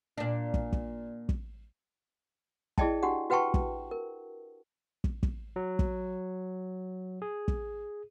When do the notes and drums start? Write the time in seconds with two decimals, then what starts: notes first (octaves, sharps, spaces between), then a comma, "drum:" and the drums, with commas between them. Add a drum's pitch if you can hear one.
0.18 A#2 D4
0.54 drum: kick
0.72 drum: kick
1.29 drum: kick
2.78 E4 G#4 D5 D#5 G5 A5, drum: kick
3.03 D4 F#4 G4 F#5
3.30 F#4 B4 F#5 G5 A5 C#6
3.54 drum: kick
3.91 A#4
5.04 drum: kick
5.23 drum: kick
5.56 F#3
5.79 drum: kick
7.22 G#4
7.48 drum: kick